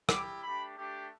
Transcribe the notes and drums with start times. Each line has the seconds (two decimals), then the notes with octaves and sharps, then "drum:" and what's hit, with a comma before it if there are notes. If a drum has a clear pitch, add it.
0.09 G3 E4 G4 D6, drum: rim click
0.42 A3 D4 G4 B5
0.76 A3 D4 G4